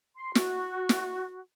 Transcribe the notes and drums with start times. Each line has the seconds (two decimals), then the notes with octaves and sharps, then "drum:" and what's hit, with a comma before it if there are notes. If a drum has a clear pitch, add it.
0.18 C6
0.35 F#4, drum: snare
0.89 drum: snare